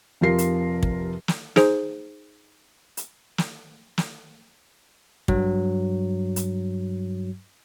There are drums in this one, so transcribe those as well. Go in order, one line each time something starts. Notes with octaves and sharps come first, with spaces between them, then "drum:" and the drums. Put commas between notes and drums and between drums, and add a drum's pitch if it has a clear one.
F1 C3 F3 F4 A#4 C7
drum: hi-hat
drum: kick
drum: snare
D#4 G#4 C5, drum: snare
drum: hi-hat
drum: snare
drum: snare
G2 F#3, drum: kick
drum: hi-hat